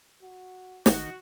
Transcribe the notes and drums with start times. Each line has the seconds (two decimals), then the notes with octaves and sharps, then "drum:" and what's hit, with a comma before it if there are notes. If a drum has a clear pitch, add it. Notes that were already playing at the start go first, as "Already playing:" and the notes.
0.23 F#4
0.86 A1 D#3 F#4, drum: snare